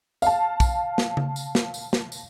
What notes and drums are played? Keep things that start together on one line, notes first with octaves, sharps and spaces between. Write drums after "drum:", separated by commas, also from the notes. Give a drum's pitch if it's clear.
F5 A5, drum: tambourine
drum: kick, tambourine
drum: snare
drum: tom C#3
drum: tambourine
drum: snare
drum: tambourine
drum: snare
drum: tambourine